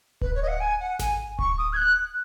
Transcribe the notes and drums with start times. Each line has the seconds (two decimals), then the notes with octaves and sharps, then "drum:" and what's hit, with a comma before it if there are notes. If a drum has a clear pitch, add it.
0.21 B4, drum: kick D1
0.35 C#5
0.42 D#5
0.48 F#5
0.60 G#5
0.80 F#5
0.99 G#5, drum: snare G#1
1.39 C#6, drum: kick D1
1.58 D#6
1.73 G#6
1.77 F#6